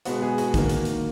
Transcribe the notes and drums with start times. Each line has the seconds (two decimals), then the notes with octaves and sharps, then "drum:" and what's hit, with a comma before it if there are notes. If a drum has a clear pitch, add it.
0.05 B2 G#3 B3 F#4, drum: hi-hat
0.22 G#4
0.38 F#4, drum: hi-hat
0.54 D#3 A#3, drum: kick A1, hi-hat
0.69 drum: hi-hat
0.85 drum: hi-hat